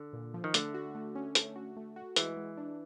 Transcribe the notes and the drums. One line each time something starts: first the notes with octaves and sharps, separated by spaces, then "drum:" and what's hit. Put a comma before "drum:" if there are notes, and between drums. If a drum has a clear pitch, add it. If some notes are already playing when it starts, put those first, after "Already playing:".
Already playing: D3
A#2
F3
D#3
D3 A3, drum: hi-hat
F#4
A3
C#4
A3, drum: hi-hat
F#4
A3
F#4
E3 G#3, drum: hi-hat
G#3
D4